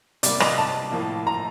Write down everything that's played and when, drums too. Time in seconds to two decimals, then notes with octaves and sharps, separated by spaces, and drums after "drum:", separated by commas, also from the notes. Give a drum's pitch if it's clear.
0.23 C3 G3 A#3 D5, drum: hi-hat
0.40 D#5, drum: rim click
0.58 A5
0.91 A2 F3 A#3
1.27 A#5